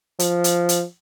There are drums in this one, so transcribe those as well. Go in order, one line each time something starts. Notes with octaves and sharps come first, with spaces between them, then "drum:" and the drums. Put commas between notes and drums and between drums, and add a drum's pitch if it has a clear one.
F3, drum: hi-hat
drum: hi-hat
drum: hi-hat